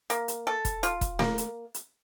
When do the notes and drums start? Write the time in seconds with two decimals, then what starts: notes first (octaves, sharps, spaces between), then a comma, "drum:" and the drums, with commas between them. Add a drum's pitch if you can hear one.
0.10 A#3, drum: hi-hat
0.28 drum: hi-hat
0.47 A4
0.65 drum: kick E1, hi-hat
0.83 F4, drum: hi-hat
1.01 drum: kick E1, hi-hat
1.19 A#3, drum: snare A3
1.38 drum: hi-hat
1.74 drum: hi-hat